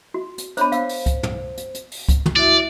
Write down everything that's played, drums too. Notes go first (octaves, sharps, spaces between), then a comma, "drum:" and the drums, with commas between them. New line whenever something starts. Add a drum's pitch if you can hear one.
F#4
drum: hi-hat
B3 D4 C5 C#5 B5, drum: hi-hat
C5 F5 E6, drum: hi-hat
drum: open hi-hat
drum: kick C#2, hi-hat
drum: tom
drum: hi-hat
drum: hi-hat
drum: open hi-hat
drum: kick C#2, hi-hat
drum: tom
E4 F#4 D5 E5